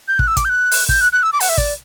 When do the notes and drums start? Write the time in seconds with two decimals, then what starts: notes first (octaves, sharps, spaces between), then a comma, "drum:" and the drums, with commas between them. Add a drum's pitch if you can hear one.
0.08 G6
0.19 F#6, drum: kick
0.28 E6
0.37 D6, drum: kick, hi-hat
0.45 G6
0.49 F#6
0.71 drum: open hi-hat
0.89 G6, drum: kick
1.01 F#6
1.13 F#6
1.23 E6
1.33 D6
1.40 F#5, drum: open hi-hat
1.49 E5
1.58 D5, drum: kick